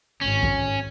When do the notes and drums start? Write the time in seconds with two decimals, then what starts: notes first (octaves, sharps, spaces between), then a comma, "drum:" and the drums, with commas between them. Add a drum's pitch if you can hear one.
0.21 G#1 C#4
0.43 drum: kick G#1